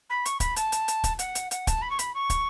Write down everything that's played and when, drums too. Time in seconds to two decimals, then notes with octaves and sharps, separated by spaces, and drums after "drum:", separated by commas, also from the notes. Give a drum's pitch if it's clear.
0.10 B5
0.25 C#6, drum: hi-hat
0.40 B5, drum: kick, hi-hat
0.56 A5, drum: hi-hat
0.72 drum: hi-hat
0.88 drum: hi-hat
1.04 drum: kick, hi-hat
1.19 F#5, drum: hi-hat
1.35 drum: hi-hat
1.51 F#5, drum: hi-hat
1.67 A5, drum: kick, hi-hat
1.82 B5
1.90 C#6
1.99 B5, drum: hi-hat
2.14 C#6
2.30 drum: kick, hi-hat